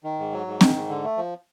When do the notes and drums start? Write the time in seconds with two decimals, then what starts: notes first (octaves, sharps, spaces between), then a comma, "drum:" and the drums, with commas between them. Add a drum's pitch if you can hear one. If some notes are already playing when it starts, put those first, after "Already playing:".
0.04 D#3
0.19 G#2
0.33 F#3
0.47 G#2
0.61 D#3, drum: snare C4
0.76 G#2
0.89 D3
1.04 A3
1.17 F3